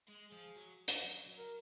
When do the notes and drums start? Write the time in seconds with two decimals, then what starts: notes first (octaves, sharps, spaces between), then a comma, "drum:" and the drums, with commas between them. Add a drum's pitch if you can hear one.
0.09 G#3
0.25 G#4
0.32 F3
0.56 F#3
0.88 drum: hi-hat
1.03 F#3
1.27 F#3
1.37 A#4